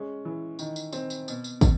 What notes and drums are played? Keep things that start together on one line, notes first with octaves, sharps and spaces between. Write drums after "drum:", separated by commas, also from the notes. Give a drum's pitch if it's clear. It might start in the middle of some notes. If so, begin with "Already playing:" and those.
Already playing: G#3 C#4
E3
D#3, drum: tambourine
drum: tambourine
C4, drum: tambourine
drum: tambourine
B2, drum: tambourine
drum: tambourine
B2, drum: kick, tambourine